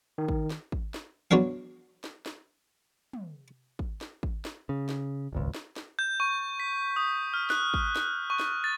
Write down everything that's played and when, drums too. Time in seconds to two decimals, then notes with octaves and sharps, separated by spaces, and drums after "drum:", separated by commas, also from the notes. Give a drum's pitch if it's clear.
0.18 D#3
0.29 drum: kick
0.50 drum: snare
0.72 drum: kick
0.94 drum: snare
1.31 F#3 B3 D4 C#5 F5
2.04 drum: snare
2.26 drum: snare
3.13 drum: tom
3.79 drum: kick
4.01 drum: snare
4.23 drum: kick
4.45 drum: snare
4.69 C#3
4.89 drum: snare
5.33 D#1 G#1 C#2
5.55 drum: snare
5.76 drum: snare
5.99 G6
6.20 C#6
6.60 B6
6.96 D#6
7.34 F6
7.50 F#6, drum: snare
7.74 drum: kick
7.96 drum: snare
8.30 C#6
8.39 drum: snare
8.64 A6